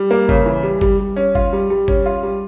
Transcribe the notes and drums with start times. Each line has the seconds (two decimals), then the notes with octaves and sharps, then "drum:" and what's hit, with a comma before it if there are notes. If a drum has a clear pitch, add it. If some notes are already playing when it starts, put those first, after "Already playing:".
Already playing: G3
0.11 A#3
0.29 C#3, drum: kick G1
0.46 E3
0.63 G3
0.81 G3, drum: kick G1
1.00 G3
1.16 C#4
1.35 F4, drum: kick G1
1.53 G3
1.70 G3
1.88 C#4, drum: kick G1
2.06 F4
2.23 G3